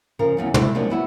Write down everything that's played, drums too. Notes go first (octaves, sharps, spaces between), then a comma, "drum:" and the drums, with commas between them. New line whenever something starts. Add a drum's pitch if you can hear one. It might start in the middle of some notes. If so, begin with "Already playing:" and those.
C#3 F3 A#4
E2 C#3 F#3
E4, drum: tom
C3 F3 F#3 G#3 A#3 D4
B3 E4 F#4